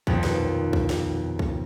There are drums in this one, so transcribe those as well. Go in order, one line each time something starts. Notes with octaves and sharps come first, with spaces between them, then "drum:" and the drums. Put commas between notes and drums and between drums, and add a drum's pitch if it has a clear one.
D#1 B1 F2 D#4 B4, drum: kick
drum: snare
drum: kick
drum: snare
drum: kick